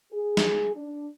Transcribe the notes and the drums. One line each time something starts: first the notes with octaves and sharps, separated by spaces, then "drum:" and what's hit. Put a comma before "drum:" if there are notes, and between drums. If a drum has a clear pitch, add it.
G#4
drum: snare
D4